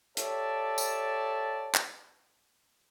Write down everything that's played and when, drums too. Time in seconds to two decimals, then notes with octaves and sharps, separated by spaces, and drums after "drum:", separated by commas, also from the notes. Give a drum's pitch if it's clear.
0.17 G4 A4 C#5 D5 E5 A5, drum: hi-hat
0.78 drum: tambourine
1.74 drum: clap